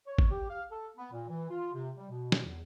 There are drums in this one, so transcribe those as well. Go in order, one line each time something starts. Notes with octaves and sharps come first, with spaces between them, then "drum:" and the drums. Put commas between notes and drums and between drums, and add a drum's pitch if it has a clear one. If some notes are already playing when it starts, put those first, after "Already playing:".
C#5
drum: kick G#1
G4
F5
A4
B3
A#2
E3
F4
C3
G3
B2
drum: snare
E2